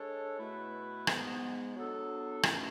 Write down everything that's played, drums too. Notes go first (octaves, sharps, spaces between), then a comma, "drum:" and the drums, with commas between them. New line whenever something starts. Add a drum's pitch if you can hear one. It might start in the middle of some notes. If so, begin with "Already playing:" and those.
Already playing: G#3 D4 A4 C#5
B2 A3 E4 B4
G#2 G#3 B3, drum: rim click
F#3 B3 D4 A4
B2 A3 C#4 E4 G#4, drum: rim click